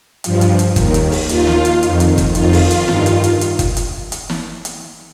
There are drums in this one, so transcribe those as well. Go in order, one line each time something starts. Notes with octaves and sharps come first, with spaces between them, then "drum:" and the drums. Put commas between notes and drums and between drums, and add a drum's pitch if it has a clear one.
G2 F3, drum: hi-hat
drum: hi-hat
drum: hi-hat
D#2 D#3, drum: kick, hi-hat
drum: hi-hat
drum: open hi-hat
D#2 D#3 F4, drum: hi-hat
drum: snare
drum: hi-hat
F2 D#3, drum: hi-hat
drum: hi-hat
drum: kick, hi-hat
F2 D#3 F4, drum: hi-hat
drum: open hi-hat
drum: hi-hat
G2 D#3, drum: snare
drum: hi-hat
drum: hi-hat
drum: hi-hat
drum: kick, hi-hat
drum: hi-hat
drum: hi-hat
drum: snare
drum: hi-hat